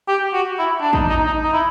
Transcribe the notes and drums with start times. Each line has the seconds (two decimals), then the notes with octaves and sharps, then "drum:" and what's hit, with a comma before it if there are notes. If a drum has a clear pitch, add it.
0.08 G4
0.34 F#4
0.59 E4
0.81 D4
0.93 D#4, drum: kick
1.10 D#4
1.27 D#4
1.44 D#4
1.53 E4